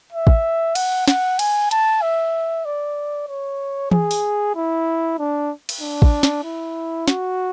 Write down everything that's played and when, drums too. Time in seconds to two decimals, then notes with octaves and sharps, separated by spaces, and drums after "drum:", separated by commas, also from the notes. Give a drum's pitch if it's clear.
0.12 E5
0.27 drum: kick
0.75 F#5, drum: cymbal
1.08 F#5, drum: snare
1.39 G#5, drum: cymbal
1.71 A5, drum: hi-hat
2.02 E5
2.65 D5
3.28 C#5
3.91 G#4, drum: tom E3
4.11 drum: open hi-hat
4.55 E4
5.18 D4
5.69 drum: cymbal
5.81 D4
6.02 drum: kick
6.23 drum: snare
6.44 E4
7.08 F#4, drum: snare